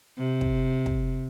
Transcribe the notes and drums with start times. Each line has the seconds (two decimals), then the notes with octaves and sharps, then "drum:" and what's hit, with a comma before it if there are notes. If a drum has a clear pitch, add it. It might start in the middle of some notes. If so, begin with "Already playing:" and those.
0.18 C3
0.41 drum: kick
0.86 drum: kick